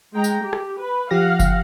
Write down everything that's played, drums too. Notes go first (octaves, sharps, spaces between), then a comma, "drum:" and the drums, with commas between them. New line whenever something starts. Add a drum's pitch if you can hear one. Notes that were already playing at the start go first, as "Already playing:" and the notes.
G#3 G5 A#5
drum: tambourine
G4
drum: rim click
B4
F3 G4 F5 F#5 A#6
drum: kick F#1, tambourine